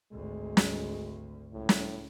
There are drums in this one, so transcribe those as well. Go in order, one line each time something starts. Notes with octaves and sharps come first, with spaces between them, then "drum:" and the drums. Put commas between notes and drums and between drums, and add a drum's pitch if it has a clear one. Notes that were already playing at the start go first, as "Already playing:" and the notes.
G#1 D2 G#3
drum: snare
C#2 A2
drum: snare